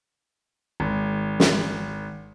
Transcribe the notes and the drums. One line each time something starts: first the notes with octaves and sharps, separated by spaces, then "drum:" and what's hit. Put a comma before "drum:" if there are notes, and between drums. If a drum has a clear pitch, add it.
G#1
drum: snare